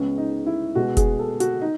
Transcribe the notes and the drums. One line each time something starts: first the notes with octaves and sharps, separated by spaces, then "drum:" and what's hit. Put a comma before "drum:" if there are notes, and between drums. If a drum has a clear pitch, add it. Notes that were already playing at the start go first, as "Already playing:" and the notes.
Already playing: C#2 C#3 G#3 B3 C#4
D#4
E4
B2 G#3 B3 F#4
G#4, drum: kick F1, hi-hat
A4
F#4, drum: hi-hat
D#4